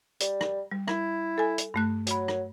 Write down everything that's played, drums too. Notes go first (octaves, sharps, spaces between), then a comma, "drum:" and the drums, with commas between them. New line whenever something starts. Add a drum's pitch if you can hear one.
G3, drum: hi-hat
drum: rim click
G3
E4, drum: rim click
A4 G#5
drum: hi-hat
G2 A3 F#6
F#3 C#5 B5, drum: hi-hat
drum: rim click